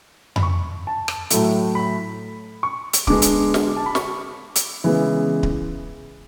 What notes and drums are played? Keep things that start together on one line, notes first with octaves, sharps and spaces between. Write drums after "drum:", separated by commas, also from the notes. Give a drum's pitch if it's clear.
B5, drum: tom F2
C#6
A5
drum: rim click
A2 F#3 A3, drum: hi-hat
B5
C#6
drum: hi-hat
D3 G#3 B3 D6, drum: kick D1
drum: hi-hat
drum: snare
A5
B5
C#6, drum: snare
drum: hi-hat
C#3 E3 G#3 B3
drum: kick D1